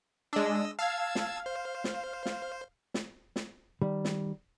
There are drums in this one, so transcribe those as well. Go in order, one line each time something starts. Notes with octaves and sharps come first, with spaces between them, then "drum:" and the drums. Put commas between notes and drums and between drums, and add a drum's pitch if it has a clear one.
G#3 D4 D#5 E6
F5 A5 E6 G#6
drum: snare
C5
drum: snare
drum: snare
drum: snare
drum: snare
D#3 G3
drum: snare